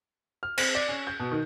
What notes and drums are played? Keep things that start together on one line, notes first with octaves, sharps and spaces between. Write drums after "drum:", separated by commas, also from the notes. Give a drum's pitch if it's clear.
F6
C4, drum: cymbal
D5
C#4
G6
B2
D#3